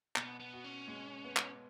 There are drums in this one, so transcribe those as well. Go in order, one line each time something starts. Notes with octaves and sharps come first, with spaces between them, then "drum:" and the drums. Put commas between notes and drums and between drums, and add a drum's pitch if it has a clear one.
B2 B3, drum: clap
B3
F#4
C#4
G#3
B3
drum: clap